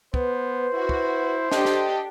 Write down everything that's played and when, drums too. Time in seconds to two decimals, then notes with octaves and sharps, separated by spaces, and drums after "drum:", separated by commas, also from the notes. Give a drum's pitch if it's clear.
0.14 B3 B4 C5, drum: kick
0.74 E4 F#4
0.89 drum: kick
1.52 D4 G4 A4 D#5, drum: snare
1.65 drum: snare